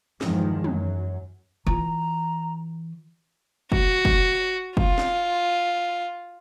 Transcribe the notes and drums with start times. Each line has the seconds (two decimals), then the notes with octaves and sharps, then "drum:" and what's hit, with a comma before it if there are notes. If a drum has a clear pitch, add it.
0.21 E2 G2 D#3 F3 G#3, drum: snare
0.64 F#2 F#3, drum: tom
1.67 E3 F4 A#5
3.72 F#4, drum: kick
4.05 drum: kick
4.77 F4, drum: kick
4.98 drum: snare